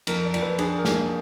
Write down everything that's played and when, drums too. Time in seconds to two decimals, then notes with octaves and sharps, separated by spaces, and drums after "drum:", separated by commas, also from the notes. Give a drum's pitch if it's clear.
0.07 F2 A#4, drum: cymbal
0.24 D5
0.34 F2, drum: cymbal
0.42 B4
0.59 D4 G#4, drum: cymbal
0.78 A#4
0.85 A#3 G#4, drum: snare